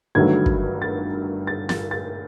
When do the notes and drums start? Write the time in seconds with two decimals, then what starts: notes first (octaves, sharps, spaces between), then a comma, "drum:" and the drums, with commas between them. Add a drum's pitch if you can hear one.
0.15 G1 G2 D#3 F#3 A3 G#6
0.46 drum: kick
0.82 A6
1.47 A6
1.69 A6, drum: snare
1.91 A6